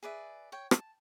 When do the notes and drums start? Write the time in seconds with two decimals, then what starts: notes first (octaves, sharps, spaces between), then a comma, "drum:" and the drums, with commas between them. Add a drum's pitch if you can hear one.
0.03 G#4 B4 D5 E5
0.52 C#5 G5
0.71 A5, drum: rim click